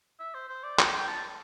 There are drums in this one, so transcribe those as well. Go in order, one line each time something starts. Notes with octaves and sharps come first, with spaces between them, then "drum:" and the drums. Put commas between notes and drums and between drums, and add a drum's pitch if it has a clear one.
E5
C5
C5
D5
G5, drum: clap
G5
A5